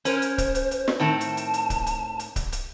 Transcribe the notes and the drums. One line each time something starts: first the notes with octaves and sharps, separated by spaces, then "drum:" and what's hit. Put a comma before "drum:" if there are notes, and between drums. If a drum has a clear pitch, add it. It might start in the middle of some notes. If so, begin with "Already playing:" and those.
C#4 A#4 C5, drum: hi-hat
drum: hi-hat
drum: kick C#1, hi-hat
drum: hi-hat
drum: hi-hat
drum: snare
A2 D#3 C4 A5
drum: hi-hat
drum: hi-hat
drum: hi-hat
drum: kick C#1, hi-hat
drum: hi-hat
drum: hi-hat
drum: kick C#1, hi-hat
drum: hi-hat